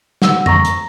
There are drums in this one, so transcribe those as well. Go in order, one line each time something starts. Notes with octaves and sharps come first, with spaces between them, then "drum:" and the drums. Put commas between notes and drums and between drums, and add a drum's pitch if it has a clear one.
F#5 E6, drum: snare
A#5 C#6 A#6, drum: tom F2
drum: hi-hat